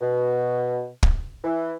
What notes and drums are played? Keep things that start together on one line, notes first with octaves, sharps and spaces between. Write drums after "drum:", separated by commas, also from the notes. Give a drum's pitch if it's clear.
B2
drum: kick
E3